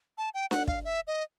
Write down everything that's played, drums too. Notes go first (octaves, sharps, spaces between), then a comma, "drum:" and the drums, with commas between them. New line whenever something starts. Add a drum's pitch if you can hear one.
A5
G5
F#5, drum: snare D4
F5, drum: kick
E5
D#5